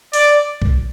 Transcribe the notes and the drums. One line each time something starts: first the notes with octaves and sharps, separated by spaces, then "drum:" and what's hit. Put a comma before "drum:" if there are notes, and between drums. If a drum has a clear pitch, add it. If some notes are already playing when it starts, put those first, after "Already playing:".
D5, drum: open hi-hat
drum: kick